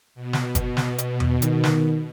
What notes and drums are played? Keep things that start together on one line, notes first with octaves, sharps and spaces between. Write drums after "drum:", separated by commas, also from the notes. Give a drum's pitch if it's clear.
B2
drum: snare
drum: kick, hi-hat
drum: snare
drum: hi-hat
drum: tom E2
D#3, drum: hi-hat
drum: snare